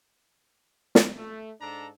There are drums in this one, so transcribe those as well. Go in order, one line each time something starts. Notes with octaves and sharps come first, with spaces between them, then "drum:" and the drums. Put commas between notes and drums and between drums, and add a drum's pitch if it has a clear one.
drum: snare
A3
G#2 D4 A4 A#5